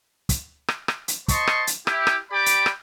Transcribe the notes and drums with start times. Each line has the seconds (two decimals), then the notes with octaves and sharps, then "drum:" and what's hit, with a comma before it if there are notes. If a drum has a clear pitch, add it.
0.29 drum: kick, hi-hat
0.68 drum: rim click
0.88 drum: rim click
1.08 drum: hi-hat
1.28 C5 D#5 A5 C6 C#6, drum: kick, hi-hat
1.47 drum: rim click
1.67 drum: hi-hat
1.87 E4 G4, drum: rim click
2.07 drum: rim click
2.31 G4 D5 G5 B5 D6
2.46 drum: hi-hat
2.66 drum: rim click